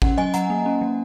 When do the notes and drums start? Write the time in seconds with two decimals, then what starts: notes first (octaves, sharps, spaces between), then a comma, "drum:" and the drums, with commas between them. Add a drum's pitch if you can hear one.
0.02 C#4 F#5, drum: kick G#1
0.18 F#3 D#5 G#5
0.34 F#3 F#5 A#5, drum: hi-hat
0.50 A#3
0.66 C#4
0.81 F#3